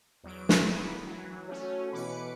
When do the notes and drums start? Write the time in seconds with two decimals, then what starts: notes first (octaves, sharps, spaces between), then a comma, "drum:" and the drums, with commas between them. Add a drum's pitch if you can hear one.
0.24 E2 F#3 D7
0.49 drum: snare
0.64 A#3 B3 E4
1.07 E3 F#3
1.48 A3 C#4 F#4 C#5
1.93 B2 E3 B4 D6 C#7